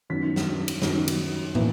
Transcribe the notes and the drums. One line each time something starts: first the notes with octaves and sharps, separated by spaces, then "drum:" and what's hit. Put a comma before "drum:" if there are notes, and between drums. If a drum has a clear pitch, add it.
F#2 D#3 F#3 B3 D#4 B6
drum: snare
drum: cymbal
F#2 D#3 F#3 B3 D#4, drum: snare
drum: cymbal
E3 A#3 E4, drum: tom